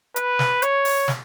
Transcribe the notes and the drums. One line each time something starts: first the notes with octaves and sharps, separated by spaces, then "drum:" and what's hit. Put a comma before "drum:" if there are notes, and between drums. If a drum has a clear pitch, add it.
B4, drum: hi-hat
drum: snare
C#5, drum: hi-hat
drum: open hi-hat
drum: snare